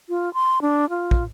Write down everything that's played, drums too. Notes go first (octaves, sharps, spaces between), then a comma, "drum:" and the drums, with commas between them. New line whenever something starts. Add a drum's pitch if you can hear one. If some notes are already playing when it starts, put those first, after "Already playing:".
F4
C6
D4
F4
drum: kick